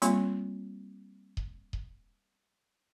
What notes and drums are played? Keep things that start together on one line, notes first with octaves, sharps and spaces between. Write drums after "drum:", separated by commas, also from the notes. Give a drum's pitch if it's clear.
G3 A#3 C4 F4, drum: hi-hat
drum: kick D#1
drum: kick D#1